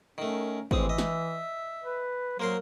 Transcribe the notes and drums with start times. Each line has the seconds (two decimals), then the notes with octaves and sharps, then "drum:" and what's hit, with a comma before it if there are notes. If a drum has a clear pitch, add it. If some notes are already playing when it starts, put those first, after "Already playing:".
0.18 D#3 A3 C#4 A#4
0.71 A1 E3 G#3 C4 D#6, drum: kick
0.89 D#5 E5
0.98 drum: snare
1.83 B4
2.40 F#3 A#3 A#4 C5 C6